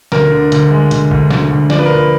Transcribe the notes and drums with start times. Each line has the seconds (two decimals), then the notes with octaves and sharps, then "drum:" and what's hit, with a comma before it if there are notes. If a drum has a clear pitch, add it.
0.12 D2 A#4, drum: snare
0.32 D3
0.52 D2, drum: hi-hat
0.71 G#3
0.91 D2, drum: hi-hat
1.11 D2, drum: kick
1.31 D2, drum: snare
1.51 D2
1.70 F3 D5, drum: snare
1.79 B4
1.86 A#4
1.91 F3 B4